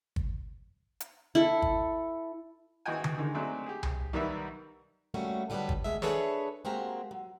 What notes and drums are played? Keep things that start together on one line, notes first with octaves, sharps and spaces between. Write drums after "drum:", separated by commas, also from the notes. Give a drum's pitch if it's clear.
drum: kick
drum: hi-hat
E4 A4
drum: kick
G#1 E3 F#4 D#5 G5 G#5
drum: tom D3
D3 D#3 G#3
F#3 G#3 A3 C4 D4 D#4
G4 G#4
drum: tom C2
B1 D#3 G3 A#4 B4 E5
G3 A3 A#3 C#4 F#4
D3 F#3 G3 D#4 A4 B4
drum: kick
D2 E3 G#3 E5
D4 G#4 A4 B4 C#5 E5, drum: snare
G#3 A#3 C4 F#4 G4 A#5
F#3